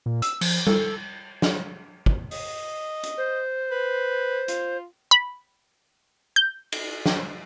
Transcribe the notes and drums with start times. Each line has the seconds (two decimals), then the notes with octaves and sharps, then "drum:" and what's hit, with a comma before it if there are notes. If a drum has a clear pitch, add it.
0.06 A#2
0.22 E6, drum: hi-hat
0.41 F3, drum: cymbal
0.67 A4, drum: tom G3
1.42 drum: snare
2.06 drum: kick
2.31 D#5, drum: open hi-hat
3.03 drum: hi-hat
3.18 C5
3.71 B4
4.48 F4, drum: hi-hat
5.11 B5
6.36 G6
6.72 drum: cymbal
7.06 drum: snare